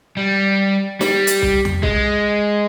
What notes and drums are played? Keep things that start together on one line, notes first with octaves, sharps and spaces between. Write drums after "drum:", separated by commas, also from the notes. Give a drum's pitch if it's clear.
G3
G3, drum: snare
drum: hi-hat
drum: kick C2
drum: tom E2
G#3, drum: kick C2